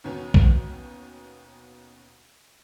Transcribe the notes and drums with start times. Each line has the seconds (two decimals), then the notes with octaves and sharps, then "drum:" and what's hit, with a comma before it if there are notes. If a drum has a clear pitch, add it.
0.04 D#2 B2 D#3 C#4
0.34 drum: kick A#1